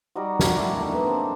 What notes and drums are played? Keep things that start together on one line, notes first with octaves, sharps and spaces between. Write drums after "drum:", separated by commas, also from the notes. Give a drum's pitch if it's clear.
G3 D#4 F#4
D3 A#3, drum: snare F#4
D4 E4
A3 D#4
A#3 B3 D4
C4 A4